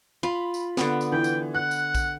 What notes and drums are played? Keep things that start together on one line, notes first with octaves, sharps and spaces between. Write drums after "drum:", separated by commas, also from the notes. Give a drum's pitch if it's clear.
F4 B5
drum: tambourine
D3 B3, drum: snare
drum: tambourine
E3 G5
drum: tambourine
F#5 F#6
drum: tambourine
drum: kick A#1, tambourine